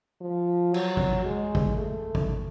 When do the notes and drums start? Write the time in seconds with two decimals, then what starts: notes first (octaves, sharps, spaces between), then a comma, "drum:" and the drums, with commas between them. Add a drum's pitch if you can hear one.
0.21 F3
0.74 F#3, drum: cymbal
0.97 drum: kick
1.25 G#3
1.55 drum: kick
1.77 A3
2.15 drum: kick